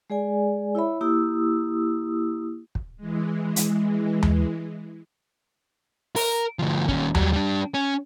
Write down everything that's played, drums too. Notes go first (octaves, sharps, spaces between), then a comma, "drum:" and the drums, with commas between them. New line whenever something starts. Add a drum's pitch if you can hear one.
G#3 G#4 D5 G#5
E4 C#5 E5 B5
A#3 E4 G4 D#6 E6
drum: kick
E3 G#3
drum: hi-hat
drum: tom D#2
A#4, drum: open hi-hat
D2 F3
D#2 C#4, drum: kick
F#3 G3, drum: tom D#2
G3 D4
C#4